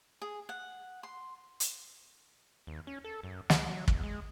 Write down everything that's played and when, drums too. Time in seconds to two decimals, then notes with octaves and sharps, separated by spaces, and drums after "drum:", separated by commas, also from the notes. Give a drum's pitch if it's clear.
0.22 G#4
0.49 F#5
1.03 C6
1.60 drum: hi-hat
2.67 D#2
2.87 C#4
3.04 A4
3.23 F#2
3.50 C#2, drum: snare
3.70 F#3
3.88 E2, drum: kick
4.04 G#3